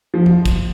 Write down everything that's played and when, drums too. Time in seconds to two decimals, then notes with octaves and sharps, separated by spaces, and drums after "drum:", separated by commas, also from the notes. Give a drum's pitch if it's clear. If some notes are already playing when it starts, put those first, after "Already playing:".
0.14 F3
0.26 drum: tom F2
0.46 drum: kick, hi-hat